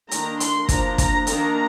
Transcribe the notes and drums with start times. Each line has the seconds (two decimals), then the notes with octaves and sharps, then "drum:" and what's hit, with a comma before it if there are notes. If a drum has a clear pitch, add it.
0.11 D#3 A#3 D4 A#5, drum: hi-hat
0.40 C6, drum: hi-hat
0.69 F3 A#3 D4 A#5, drum: kick, hi-hat
0.98 A#5, drum: kick, hi-hat
1.27 D#3 A#3 D4 A#5, drum: hi-hat